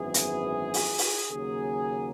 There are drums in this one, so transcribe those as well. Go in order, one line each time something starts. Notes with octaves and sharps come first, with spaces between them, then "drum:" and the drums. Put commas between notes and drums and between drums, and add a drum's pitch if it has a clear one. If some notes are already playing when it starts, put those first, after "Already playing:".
Already playing: G#1 F#2 E3 B3 G#4
drum: hi-hat
drum: open hi-hat
drum: open hi-hat
D#2 C#3 F#3 A#3 G#4